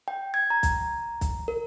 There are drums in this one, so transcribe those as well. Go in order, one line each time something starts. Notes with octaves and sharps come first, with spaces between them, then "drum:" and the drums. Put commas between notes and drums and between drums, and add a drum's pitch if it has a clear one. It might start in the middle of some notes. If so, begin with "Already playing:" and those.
G5
G#6
A#5
drum: kick, hi-hat
drum: kick, hi-hat
A#4